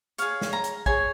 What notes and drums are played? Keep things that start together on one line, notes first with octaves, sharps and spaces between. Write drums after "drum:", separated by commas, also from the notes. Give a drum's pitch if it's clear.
G#4 C#5 F5, drum: hi-hat
drum: snare
A#5
drum: hi-hat
G#4 C#5 G#5, drum: kick